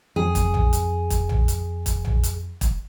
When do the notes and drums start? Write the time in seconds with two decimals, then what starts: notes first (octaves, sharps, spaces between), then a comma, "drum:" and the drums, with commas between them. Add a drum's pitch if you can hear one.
0.16 F2 G#4
0.35 drum: kick, hi-hat
0.54 drum: tom A#1
0.73 drum: hi-hat
1.10 drum: kick, hi-hat
1.29 drum: tom A#1
1.48 drum: hi-hat
1.86 drum: kick, hi-hat
2.05 drum: tom A#1
2.23 drum: hi-hat
2.61 drum: kick, hi-hat